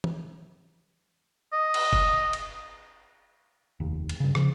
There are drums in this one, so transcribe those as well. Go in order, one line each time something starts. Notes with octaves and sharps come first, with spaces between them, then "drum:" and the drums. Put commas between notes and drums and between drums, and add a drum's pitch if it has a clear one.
drum: tom
D#5
drum: cymbal
drum: kick F#1
drum: cymbal
F1 D#2
drum: cymbal
G2 C#3
C#3 F3, drum: rim click